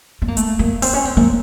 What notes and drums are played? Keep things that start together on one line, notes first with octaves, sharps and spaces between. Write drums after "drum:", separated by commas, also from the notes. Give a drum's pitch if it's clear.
C4
A#3
A3, drum: hi-hat
A#3
C4, drum: open hi-hat
C#4
C4
A#3